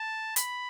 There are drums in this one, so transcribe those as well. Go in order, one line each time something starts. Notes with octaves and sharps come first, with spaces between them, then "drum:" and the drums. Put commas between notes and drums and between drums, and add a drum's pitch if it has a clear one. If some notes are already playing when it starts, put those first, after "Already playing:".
Already playing: A5
B5, drum: hi-hat